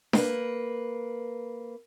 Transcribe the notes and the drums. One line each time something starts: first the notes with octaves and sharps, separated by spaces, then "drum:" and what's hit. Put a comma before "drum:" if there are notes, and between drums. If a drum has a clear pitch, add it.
A#3 B4, drum: snare D4